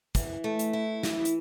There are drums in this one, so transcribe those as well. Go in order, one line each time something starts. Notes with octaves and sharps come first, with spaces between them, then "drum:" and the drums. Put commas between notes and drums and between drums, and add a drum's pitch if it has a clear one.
E3, drum: kick, hi-hat
A3
drum: hi-hat
E4
E3, drum: snare
drum: hi-hat